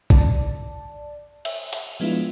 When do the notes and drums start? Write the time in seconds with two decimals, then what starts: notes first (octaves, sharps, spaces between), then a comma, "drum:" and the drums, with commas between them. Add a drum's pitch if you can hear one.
0.10 D5 A5, drum: kick
1.45 E5, drum: cymbal
1.73 drum: hi-hat
2.00 F3 G#3 B3 D4 E4 F4